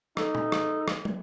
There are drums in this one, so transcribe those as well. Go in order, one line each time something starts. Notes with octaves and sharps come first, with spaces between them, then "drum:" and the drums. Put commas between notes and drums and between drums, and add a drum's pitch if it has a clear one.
D#4 A4, drum: rim click
drum: tom A#2
drum: rim click
drum: rim click
drum: tom